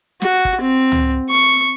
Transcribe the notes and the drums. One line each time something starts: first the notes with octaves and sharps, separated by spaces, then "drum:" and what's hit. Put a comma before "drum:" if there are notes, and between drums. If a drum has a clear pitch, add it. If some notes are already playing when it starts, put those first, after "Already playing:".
F#4, drum: snare
drum: kick
C4
drum: tom C#2
C#6